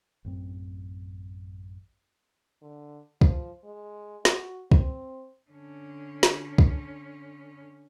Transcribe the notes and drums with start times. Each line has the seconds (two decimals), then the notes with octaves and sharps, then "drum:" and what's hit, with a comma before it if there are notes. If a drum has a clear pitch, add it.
0.25 A1 F#2 C4
2.62 D3
3.21 F3, drum: kick
3.65 G#3
4.25 F#4, drum: snare
4.71 C4, drum: kick
5.51 D3 C#4
6.23 drum: snare
6.58 drum: kick